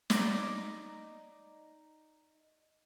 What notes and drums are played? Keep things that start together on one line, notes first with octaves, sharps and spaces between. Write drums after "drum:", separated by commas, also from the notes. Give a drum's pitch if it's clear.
D#4 D5 A#5, drum: snare